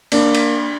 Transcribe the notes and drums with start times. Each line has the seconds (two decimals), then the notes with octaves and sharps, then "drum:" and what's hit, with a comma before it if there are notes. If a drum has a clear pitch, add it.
0.12 A#3 D4, drum: cymbal
0.35 drum: cymbal